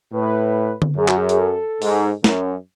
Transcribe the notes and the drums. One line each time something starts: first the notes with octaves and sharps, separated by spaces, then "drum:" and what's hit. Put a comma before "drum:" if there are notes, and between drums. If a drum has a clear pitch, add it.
A2 B4
drum: tom D3
F#2 G#4
F#4, drum: clap
G#4
G#4, drum: hi-hat
A4
G#2, drum: open hi-hat
F#2, drum: snare